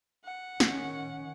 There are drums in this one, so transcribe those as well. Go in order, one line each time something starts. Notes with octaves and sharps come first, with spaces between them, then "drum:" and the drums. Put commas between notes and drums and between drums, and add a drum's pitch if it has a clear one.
F#5
D#3 C#4, drum: snare